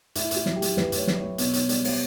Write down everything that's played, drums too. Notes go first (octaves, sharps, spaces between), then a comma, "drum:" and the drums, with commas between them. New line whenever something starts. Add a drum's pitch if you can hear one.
A2 E4, drum: hi-hat
A2, drum: hi-hat
F#4
F#3, drum: snare
G4
F#3, drum: hi-hat
A2 B4, drum: snare
A2, drum: hi-hat
C#5
F#3, drum: snare
C#5
F#3
B2 C#5, drum: hi-hat
B2 C#5, drum: hi-hat
G3 D5, drum: hi-hat
G3 C#5, drum: open hi-hat